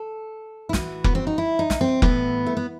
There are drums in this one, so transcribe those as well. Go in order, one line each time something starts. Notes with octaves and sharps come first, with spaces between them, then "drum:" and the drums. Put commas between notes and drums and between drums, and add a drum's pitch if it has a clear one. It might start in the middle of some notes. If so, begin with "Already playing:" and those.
Already playing: A4
E4
A2 E3 F#4, drum: snare
B3, drum: kick F1
C4
D#4
E4
D#4
drum: snare
C4
A2 E3 B3, drum: kick F1
A3
B3